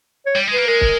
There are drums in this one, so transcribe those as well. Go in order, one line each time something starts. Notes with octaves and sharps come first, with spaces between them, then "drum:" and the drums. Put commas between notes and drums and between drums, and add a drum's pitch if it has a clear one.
C#5
G3
G#3
A#3 B4
G#3 A#4
drum: kick